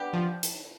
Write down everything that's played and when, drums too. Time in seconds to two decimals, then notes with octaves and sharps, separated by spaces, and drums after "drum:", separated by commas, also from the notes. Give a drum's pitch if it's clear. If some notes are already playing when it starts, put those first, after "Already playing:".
Already playing: G3 B3 D4 G4
0.13 F3
0.43 drum: hi-hat